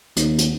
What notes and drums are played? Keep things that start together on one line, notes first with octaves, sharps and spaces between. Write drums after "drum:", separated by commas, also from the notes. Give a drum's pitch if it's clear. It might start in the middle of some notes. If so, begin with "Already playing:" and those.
D#2, drum: hi-hat
drum: hi-hat